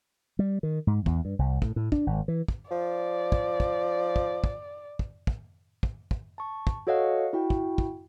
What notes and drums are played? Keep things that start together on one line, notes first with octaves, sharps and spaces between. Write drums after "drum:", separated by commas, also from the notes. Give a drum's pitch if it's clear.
G3
D#3
G#2
E2, drum: kick
G2
C2
A2, drum: kick
A2
D4, drum: kick
G#1
E3
drum: kick
F3 D5
drum: kick
drum: kick
drum: kick
drum: kick
drum: kick
drum: kick
drum: kick
drum: kick
A5 C#6
drum: kick
F#4 A4 C#5 D#5 F5 F#5
E4 F#4 G5
drum: kick
drum: kick